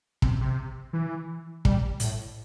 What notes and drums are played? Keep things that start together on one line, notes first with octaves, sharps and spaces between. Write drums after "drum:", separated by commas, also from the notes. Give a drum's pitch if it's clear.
C3, drum: kick
C3
E3
G3, drum: kick
A2, drum: hi-hat